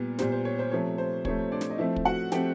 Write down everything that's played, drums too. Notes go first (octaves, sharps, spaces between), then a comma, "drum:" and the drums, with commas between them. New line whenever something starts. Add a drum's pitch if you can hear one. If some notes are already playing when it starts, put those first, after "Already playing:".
Already playing: A#2 G3 B3
A#2 G3 B3 C5, drum: snare
C5
C#5
C5
C3 F3 A3 C#5
C5
C3 F3 A3 C#5, drum: kick
D4 D5
drum: snare
D#5
F3 A3 C4 E4 E5
drum: kick
F#4 F#5
F3 A3 C4 G4 G5, drum: snare